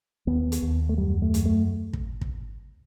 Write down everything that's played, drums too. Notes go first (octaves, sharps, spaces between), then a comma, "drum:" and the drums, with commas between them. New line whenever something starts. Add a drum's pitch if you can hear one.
D#2 B3
drum: hi-hat
D#2
A3
F#2 G3
A3
F#2, drum: hi-hat
A3
drum: kick
drum: kick